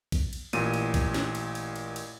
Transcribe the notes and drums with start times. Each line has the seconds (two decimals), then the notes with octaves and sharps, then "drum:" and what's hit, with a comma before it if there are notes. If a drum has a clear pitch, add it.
0.12 drum: kick A#1, cymbal
0.33 drum: cymbal
0.53 A1 A#2 D#7, drum: cymbal
0.74 drum: cymbal
0.94 drum: kick A#1, cymbal
1.14 drum: snare
1.35 drum: cymbal
1.55 drum: cymbal
1.76 drum: cymbal
1.96 drum: cymbal